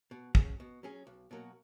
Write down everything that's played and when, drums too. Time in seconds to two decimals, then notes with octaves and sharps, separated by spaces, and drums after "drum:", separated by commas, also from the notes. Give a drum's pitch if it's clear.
0.11 B2
0.35 F#3 C#4 G#4, drum: kick
0.60 B2
0.83 F#3 C#4 G#4
1.07 B1
1.31 B2 F#3 A#3